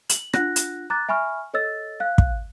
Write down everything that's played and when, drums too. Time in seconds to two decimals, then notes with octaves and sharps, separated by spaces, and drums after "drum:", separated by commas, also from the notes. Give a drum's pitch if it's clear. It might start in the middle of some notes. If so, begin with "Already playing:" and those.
0.09 F#7, drum: hi-hat
0.33 D4 F4 F#5 F#6 A#6, drum: rim click
0.56 drum: hi-hat
0.90 A#5 D6 F#6 A6
1.09 E5 G#5 B5 C#6 F6
1.54 A4 C#5 D#5 E6 A6
2.00 F5 F#6
2.18 drum: kick